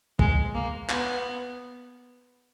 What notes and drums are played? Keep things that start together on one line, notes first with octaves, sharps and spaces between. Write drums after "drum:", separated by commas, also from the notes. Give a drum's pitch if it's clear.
G#3, drum: kick
A#3
B3, drum: clap